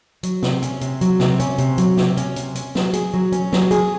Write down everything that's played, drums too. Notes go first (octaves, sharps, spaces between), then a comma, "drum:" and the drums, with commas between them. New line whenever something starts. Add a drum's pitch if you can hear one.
F#3, drum: hi-hat
C3, drum: snare
C#4, drum: hi-hat
C3, drum: hi-hat
F#3, drum: hi-hat
C3, drum: snare
C#4, drum: hi-hat
C3, drum: hi-hat
F#3, drum: hi-hat
C3, drum: snare
C#4, drum: hi-hat
C3, drum: hi-hat
C#4, drum: hi-hat
F#3, drum: snare
G#4, drum: hi-hat
F#3
C#4, drum: hi-hat
F#3, drum: snare
G#4, drum: hi-hat